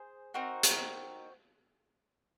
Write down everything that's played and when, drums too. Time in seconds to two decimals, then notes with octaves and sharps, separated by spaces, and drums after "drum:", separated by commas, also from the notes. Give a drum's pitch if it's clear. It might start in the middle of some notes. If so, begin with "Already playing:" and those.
Already playing: G#4 C5
0.34 C4 D#4 F#4 A#4
0.63 drum: hi-hat